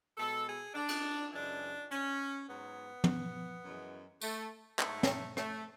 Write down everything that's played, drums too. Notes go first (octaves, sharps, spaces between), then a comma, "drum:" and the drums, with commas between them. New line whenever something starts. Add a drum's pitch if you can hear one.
B2 G#3 A4
G#4
D4
drum: cymbal
F#2 C#3 E3 G#3 D4
C#4, drum: hi-hat
G#2 F#3 B3
drum: tom
F#2 E3 G#3
A3, drum: tambourine
G#2 F#3 A3, drum: clap
drum: snare
A3, drum: rim click